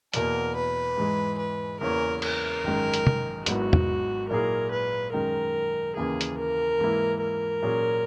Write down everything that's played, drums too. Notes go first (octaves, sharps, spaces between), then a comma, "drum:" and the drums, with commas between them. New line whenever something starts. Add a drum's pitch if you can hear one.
E2 B2 A#3 A#4, drum: hi-hat
B4
G#2 E3 G#3
B4
E2 C#3 E3 A#3 C#4 A#4
A#4, drum: cymbal
G#1 F#2 D#3 G#3
drum: hi-hat
drum: tom
G#1 G#2 F#3 B3 E4 F#4, drum: hi-hat
drum: tom
A#2 F#3 A#3 E4 G#4 A#4
B4
F#2 D#3 G#3 A#4
D#2 C#3 E3 A#3 G#4
drum: hi-hat
A#4
G#2 E3 A#3 E4
A#4
A#2 F#3 C#4 G#4